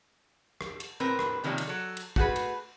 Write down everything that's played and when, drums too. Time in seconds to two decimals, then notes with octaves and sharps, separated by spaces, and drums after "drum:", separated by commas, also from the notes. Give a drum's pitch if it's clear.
0.61 drum: rim click
0.80 drum: cymbal
1.00 A2 C4 A#4 B4
1.19 drum: rim click
1.44 C3 D#3 F3 G3 A#3 C#4
1.58 drum: cymbal
1.67 F#3 A4
1.97 drum: cymbal
2.16 A3 F#4 G#4 B4, drum: kick
2.36 drum: cymbal